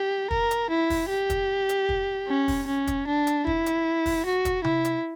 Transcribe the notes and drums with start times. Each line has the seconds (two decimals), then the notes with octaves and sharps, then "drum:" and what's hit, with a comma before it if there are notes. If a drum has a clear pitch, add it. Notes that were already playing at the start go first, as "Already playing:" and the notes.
Already playing: G4
0.31 A#4, drum: kick
0.51 drum: hi-hat
0.70 E4
0.90 drum: kick, open hi-hat
1.09 G4
1.30 drum: kick, hi-hat
1.69 drum: hi-hat
1.89 drum: kick
2.28 C#4
2.48 drum: kick, open hi-hat
2.67 C#4
2.87 drum: kick, hi-hat
3.07 D4
3.27 drum: hi-hat
3.47 E4, drum: kick
3.66 drum: hi-hat
4.06 drum: kick, open hi-hat
4.26 F#4
4.45 drum: kick, hi-hat
4.64 E4, drum: tom C3
4.85 drum: hi-hat